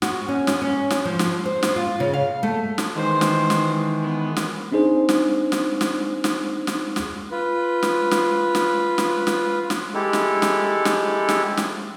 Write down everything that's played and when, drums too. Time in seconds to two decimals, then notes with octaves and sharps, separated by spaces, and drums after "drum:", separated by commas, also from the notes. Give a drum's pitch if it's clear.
0.02 F#4, drum: snare
0.28 C#4
0.47 drum: snare
0.62 C#4
0.90 drum: snare
1.05 F3
1.19 drum: snare
1.46 C5
1.63 drum: snare
1.76 F4
2.00 C#3
2.13 F5
2.43 A3
2.78 drum: snare
2.95 D#3 E3 G#3 C5
3.21 drum: snare
3.50 drum: snare
4.01 B3
4.37 drum: snare
4.72 C4 D4 D#4 G#4 C5
5.09 drum: snare
5.52 drum: snare
5.81 drum: snare
6.24 drum: snare
6.67 drum: snare
6.96 drum: snare
7.30 F4 B4
7.83 drum: snare
8.11 drum: snare
8.55 drum: snare
8.98 drum: snare
9.27 drum: snare
9.70 drum: snare
9.94 G#3 E4 G4 A4
10.13 drum: snare
10.42 drum: snare
10.85 drum: snare
11.29 drum: snare
11.57 drum: snare